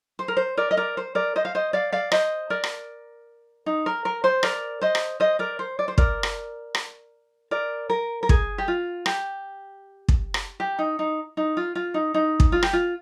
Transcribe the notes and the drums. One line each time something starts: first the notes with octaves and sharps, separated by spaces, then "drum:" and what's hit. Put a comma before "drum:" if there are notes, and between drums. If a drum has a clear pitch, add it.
C5
A#4
C5
A#4 D5
D#5
A#4 D5
C5
A#4 D5
C5 D#5
F5
C5 D#5
D5 F5
D5 F5
C5 D#5, drum: rim click
A#4 D5
drum: rim click
D#4
A#4
A#4
C5
A#4 D5, drum: rim click
C5 D#5
drum: rim click
C5 D#5
A#4 D5
C5
D5
C5
A#4 D5, drum: kick
drum: rim click
drum: rim click
A#4 D5
A#4
A#4
G#4, drum: kick
G4
F4
G4, drum: rim click
drum: kick
drum: rim click
G4
D#4
D#4
D#4
F4
F4
D#4
D#4
drum: kick
F4
G4, drum: rim click
F4